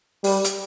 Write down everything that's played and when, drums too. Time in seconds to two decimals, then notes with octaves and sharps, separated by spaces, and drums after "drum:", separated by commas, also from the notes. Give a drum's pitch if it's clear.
0.24 G3, drum: open hi-hat
0.44 drum: hi-hat